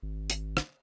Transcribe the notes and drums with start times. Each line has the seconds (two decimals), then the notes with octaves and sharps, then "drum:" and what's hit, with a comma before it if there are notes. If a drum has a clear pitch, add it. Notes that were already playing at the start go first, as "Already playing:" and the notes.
0.03 G#1
0.30 drum: hi-hat
0.57 drum: rim click